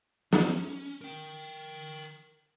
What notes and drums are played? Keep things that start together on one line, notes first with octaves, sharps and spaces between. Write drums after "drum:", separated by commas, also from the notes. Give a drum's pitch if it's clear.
C#4, drum: snare
A#4 G5